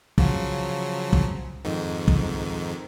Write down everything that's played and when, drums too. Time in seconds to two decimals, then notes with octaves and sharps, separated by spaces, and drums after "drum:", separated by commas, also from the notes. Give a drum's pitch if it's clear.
0.18 C#3 F3 F#3, drum: kick
1.13 drum: kick
1.65 F2 G#2 D#3
2.08 drum: kick